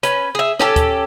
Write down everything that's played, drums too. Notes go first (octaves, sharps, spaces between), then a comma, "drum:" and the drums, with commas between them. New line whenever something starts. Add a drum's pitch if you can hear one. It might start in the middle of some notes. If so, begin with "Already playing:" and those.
C#4 B4, drum: hi-hat
G#4 E5
C#4 G4 A4, drum: snare
drum: kick, hi-hat